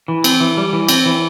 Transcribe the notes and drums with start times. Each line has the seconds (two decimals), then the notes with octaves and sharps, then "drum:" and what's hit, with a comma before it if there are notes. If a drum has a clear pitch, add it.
0.08 E3
0.24 C4, drum: cymbal
0.40 E3
0.57 G3
0.73 E3
0.89 C4, drum: cymbal
1.05 E3